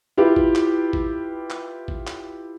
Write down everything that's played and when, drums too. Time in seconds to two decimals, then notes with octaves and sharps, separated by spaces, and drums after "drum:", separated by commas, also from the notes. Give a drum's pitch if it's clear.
0.17 E4 F4 G4 B4
0.36 drum: kick A1
0.55 drum: clap
0.93 drum: kick A1
1.50 drum: clap
1.88 drum: kick A1
2.07 drum: clap